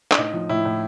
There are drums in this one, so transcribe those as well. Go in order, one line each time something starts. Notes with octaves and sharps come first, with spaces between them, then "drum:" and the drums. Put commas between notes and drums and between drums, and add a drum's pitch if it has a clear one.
D4, drum: clap
A2 D#4
F3
A2 E4
A2